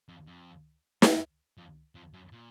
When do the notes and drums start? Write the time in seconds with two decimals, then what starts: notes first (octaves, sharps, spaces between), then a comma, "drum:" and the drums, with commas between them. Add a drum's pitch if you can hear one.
0.09 F2
0.27 F2
1.02 F#2, drum: snare
1.58 F2
1.95 F2
2.14 F#2
2.32 A#2